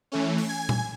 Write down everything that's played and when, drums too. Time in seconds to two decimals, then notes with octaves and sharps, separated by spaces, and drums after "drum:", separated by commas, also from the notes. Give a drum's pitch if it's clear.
0.12 E3 A3 C#4
0.38 drum: open hi-hat
0.49 G#5
0.69 drum: tom A#2